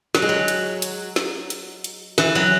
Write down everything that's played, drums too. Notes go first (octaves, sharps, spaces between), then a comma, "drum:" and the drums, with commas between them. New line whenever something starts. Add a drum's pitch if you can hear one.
F#3, drum: snare
G#3
F#3
drum: hi-hat
drum: hi-hat
drum: snare
drum: hi-hat
drum: hi-hat
E3, drum: snare
F#3